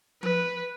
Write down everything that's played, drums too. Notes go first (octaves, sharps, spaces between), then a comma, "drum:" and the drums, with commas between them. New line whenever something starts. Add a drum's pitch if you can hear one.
B4, drum: tom F3